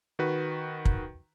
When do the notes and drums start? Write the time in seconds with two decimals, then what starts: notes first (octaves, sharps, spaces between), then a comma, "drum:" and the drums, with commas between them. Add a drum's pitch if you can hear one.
0.19 D#3 F#4 B4
0.85 drum: kick